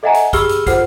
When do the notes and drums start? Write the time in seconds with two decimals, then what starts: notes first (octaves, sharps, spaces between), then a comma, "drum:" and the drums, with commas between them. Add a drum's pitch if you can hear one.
0.03 A4 D#5 E5 F#5 G#5 A#5
0.14 drum: hi-hat
0.33 G4 G#4 B5 E6 F6 G7, drum: kick, hi-hat
0.49 drum: hi-hat
0.67 F4 A4 C5 F#5 F6 C7, drum: kick, hi-hat